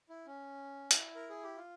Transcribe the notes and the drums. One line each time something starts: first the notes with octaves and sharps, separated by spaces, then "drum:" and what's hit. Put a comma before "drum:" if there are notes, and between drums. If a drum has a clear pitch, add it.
E4
C#4
E4, drum: hi-hat
A#4
G#4
G4
F4